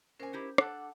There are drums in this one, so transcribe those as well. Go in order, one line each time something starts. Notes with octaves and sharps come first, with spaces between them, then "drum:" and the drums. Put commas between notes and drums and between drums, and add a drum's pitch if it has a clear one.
A#2 C#4 A#4 C5 G#5
D#4 E4 G4
D4 A4 F#5 D6, drum: rim click